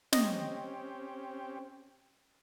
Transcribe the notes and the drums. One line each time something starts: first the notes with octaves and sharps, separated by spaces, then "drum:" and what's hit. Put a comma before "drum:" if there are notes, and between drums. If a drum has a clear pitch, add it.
C4 C#4 G4 D#5, drum: snare